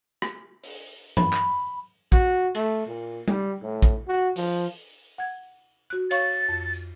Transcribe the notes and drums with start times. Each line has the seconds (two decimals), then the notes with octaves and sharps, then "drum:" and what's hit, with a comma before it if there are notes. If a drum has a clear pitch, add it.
0.22 drum: rim click
0.64 drum: open hi-hat
1.17 B5, drum: tom G2
1.33 drum: clap
2.12 F#4, drum: kick
2.55 A3, drum: cymbal
2.86 A#2
3.28 G3, drum: tom
3.62 A2
3.82 drum: kick
4.08 F#4
4.36 F3, drum: open hi-hat
5.18 F#5 G#6
5.90 F#4 F#6
6.11 C#5 F5 C#6 A6, drum: cymbal
6.49 F2
6.73 drum: tambourine